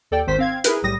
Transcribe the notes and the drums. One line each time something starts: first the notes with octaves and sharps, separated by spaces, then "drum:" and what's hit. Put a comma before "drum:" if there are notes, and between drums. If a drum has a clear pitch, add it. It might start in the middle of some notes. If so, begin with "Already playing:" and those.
D#2 A4 D5 G5
G#1 D#3 C5 B6
C4 F5 G#6
E4 G#4 A#4 B4, drum: hi-hat
B1 A2 G3 D#6 A#6